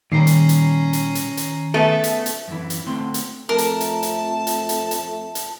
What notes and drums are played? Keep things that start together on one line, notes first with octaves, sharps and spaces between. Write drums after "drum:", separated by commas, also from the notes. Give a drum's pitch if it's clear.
A#2 D#3 G3 C#4 A#5 C7
drum: hi-hat
drum: hi-hat
drum: hi-hat
drum: hi-hat
drum: hi-hat
A3 B3 G#4 A4 E5 A5
drum: hi-hat
drum: hi-hat
F#2 E3
drum: hi-hat
D3 A3 C4 C6
drum: hi-hat
F2 A3 A#4 A5
drum: hi-hat
drum: hi-hat
drum: hi-hat
drum: hi-hat
drum: hi-hat
drum: hi-hat
drum: hi-hat